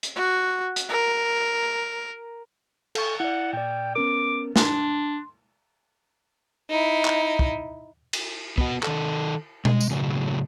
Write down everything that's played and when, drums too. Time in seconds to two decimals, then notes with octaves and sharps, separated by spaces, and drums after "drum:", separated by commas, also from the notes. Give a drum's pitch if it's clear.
0.03 drum: hi-hat
0.16 F#4
0.76 drum: hi-hat
0.89 A#4
2.95 A4 C#6, drum: cymbal
3.20 E4 D5 F#5
3.53 A#2 D5 G5
3.96 B3 C#4 A#4 D6
4.56 D4 C6, drum: snare
6.70 D#4 E4
7.05 drum: clap
7.39 drum: kick
8.13 drum: cymbal
8.58 B3 F#4, drum: kick
8.83 D#3 A4, drum: clap
9.65 G#3, drum: tom B2
9.81 drum: tambourine
9.91 A2 C#3 F#3